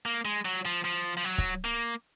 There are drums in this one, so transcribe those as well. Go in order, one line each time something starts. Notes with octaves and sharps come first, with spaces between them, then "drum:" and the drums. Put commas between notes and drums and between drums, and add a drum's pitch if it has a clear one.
A#3
G#3
F#3
F3
F3
F3
F#3
drum: kick C#1
A#3